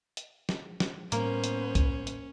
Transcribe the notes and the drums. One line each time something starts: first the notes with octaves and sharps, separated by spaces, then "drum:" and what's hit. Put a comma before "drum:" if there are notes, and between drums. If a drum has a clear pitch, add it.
drum: hi-hat
drum: snare
drum: snare
A2 G3 A#3 B3 C#4 C5, drum: hi-hat
drum: hi-hat
drum: kick C2, hi-hat
drum: hi-hat